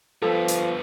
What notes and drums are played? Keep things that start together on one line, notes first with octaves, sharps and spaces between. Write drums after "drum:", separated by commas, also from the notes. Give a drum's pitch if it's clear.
F3 G3 B3 A4
drum: hi-hat